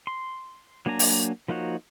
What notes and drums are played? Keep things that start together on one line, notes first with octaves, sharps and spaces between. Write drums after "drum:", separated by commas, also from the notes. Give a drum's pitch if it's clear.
C6
F#3 A#3 D4 G#5 A#5
drum: open hi-hat
F3 A#3 D#4 F#4 C#5